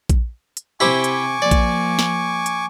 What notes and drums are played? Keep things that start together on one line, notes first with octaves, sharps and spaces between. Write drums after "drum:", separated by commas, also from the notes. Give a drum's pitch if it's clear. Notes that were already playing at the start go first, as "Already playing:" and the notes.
drum: kick A#1, hi-hat
drum: hi-hat
C3 E4 G4 C5 G#5 C#6 D6
drum: hi-hat
F3 A#3 D5
drum: kick A#1, hi-hat
drum: snare
drum: hi-hat